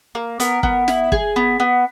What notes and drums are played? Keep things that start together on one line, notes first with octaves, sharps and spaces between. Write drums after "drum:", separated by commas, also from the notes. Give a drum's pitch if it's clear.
A#3
B3 A#4, drum: hi-hat
B3, drum: kick
E4, drum: snare
G#4, drum: kick
B3
B3